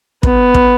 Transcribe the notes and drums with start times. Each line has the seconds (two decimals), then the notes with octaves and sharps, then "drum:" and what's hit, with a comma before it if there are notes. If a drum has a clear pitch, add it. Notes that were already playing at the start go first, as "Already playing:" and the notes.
0.23 B3, drum: kick
0.54 drum: kick